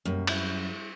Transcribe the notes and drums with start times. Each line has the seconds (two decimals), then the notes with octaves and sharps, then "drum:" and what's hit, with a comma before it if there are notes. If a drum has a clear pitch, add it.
0.05 F#2 B2 G3 A#3
0.27 G3 E4, drum: cymbal